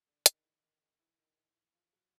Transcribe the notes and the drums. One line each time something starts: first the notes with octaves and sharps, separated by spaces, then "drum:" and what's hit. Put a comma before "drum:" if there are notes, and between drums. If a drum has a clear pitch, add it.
D3 D4
D#3 D#4, drum: hi-hat
E3 E4
D#3 D#4
D#3 D#4
E3 E4
D#3 D#4
E3 E4
E3 E4
F3 F4
F#3 F#4